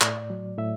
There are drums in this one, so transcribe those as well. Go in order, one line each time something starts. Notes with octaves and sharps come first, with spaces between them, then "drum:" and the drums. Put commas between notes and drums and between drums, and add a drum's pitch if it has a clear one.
A2 D5, drum: clap
F#3
A2 E5